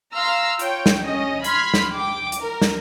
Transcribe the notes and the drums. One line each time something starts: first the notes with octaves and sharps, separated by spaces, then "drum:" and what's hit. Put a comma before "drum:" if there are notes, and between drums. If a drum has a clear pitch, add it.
F5 A#5 C6 E6 F6
F4 C#5 G5, drum: hi-hat
drum: snare
C#4 D#5
B5 C6 F6 G#6 B6, drum: hi-hat
drum: snare
G5 D6
drum: hi-hat
A#4
drum: snare